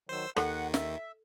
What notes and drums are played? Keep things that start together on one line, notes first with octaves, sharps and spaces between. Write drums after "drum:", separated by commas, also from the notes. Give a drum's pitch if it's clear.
D#3 F#3 C5 E6
D#2 D#3 A4 F#5, drum: rim click
E5, drum: snare